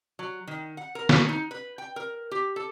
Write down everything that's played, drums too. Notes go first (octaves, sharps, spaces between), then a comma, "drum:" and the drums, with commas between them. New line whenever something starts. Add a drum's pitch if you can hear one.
F#3
D#3
F#5
A#4
F#4, drum: snare
D#4
B4
G5
A#4
G4
A4